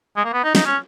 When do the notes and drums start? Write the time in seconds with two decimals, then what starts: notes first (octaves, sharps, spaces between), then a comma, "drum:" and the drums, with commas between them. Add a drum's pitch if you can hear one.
0.17 G#3
0.24 A#3
0.33 B3
0.44 D#4
0.55 D#4, drum: snare
0.65 C#4